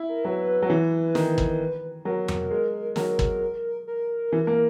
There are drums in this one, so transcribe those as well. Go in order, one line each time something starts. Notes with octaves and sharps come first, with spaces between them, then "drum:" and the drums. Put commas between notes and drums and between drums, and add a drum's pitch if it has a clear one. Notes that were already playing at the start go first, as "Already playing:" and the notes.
Already playing: E4
A#4
F#3 B4
F#3
E3
D#3, drum: snare
drum: kick
F#3 A#4
drum: tom E2
G#3
F#3 A#4, drum: snare
drum: kick
A#4
E3
A#3